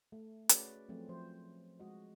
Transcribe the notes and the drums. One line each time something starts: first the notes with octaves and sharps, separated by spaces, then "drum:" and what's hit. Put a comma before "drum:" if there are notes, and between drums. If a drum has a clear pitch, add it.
A3
C#4 F#4 G#4 B4 D5, drum: hi-hat
F3 F#3 A3 C4
F3 C5
G#3 F#4 D#5